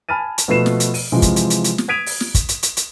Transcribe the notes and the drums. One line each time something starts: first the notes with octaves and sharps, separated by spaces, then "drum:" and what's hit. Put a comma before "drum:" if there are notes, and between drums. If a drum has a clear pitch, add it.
G#5 A5 B5 F6 A6 D#7
drum: hi-hat
B2 F3 A3 B4 C7 E7
drum: snare
drum: hi-hat
D#7, drum: open hi-hat
C3 E3 F3 G#3
drum: kick, hi-hat
drum: hi-hat
drum: hi-hat
drum: hi-hat
drum: snare
D#6 G#6 B6 D7 D#7 F7
drum: open hi-hat
drum: snare
drum: kick, hi-hat
drum: hi-hat
drum: hi-hat
drum: hi-hat